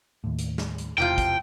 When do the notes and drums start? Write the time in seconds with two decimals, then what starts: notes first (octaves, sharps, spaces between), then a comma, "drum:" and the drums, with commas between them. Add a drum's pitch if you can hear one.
0.24 D#2 A2
0.38 drum: hi-hat
0.58 drum: snare
0.78 drum: hi-hat
0.98 E1 A2 C3 F4 G5
1.18 drum: kick, hi-hat